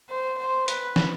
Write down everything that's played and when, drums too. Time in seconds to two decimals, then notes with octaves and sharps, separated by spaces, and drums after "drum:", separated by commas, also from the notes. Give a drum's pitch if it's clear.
0.10 C5
0.38 C5
0.68 B4, drum: hi-hat
0.96 drum: snare